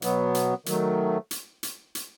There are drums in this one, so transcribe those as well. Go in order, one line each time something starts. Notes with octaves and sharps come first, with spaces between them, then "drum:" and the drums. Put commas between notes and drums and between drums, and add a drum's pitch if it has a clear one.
B2 F#3 B3, drum: hi-hat
drum: hi-hat
D#3 F#3 A3, drum: hi-hat
drum: hi-hat
drum: hi-hat
drum: hi-hat